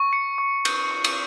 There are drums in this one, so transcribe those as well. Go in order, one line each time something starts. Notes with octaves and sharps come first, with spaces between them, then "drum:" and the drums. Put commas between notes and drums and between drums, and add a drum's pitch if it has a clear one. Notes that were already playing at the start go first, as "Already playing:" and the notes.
Already playing: C#6
C#7
C#6
G6, drum: cymbal
C#6
drum: cymbal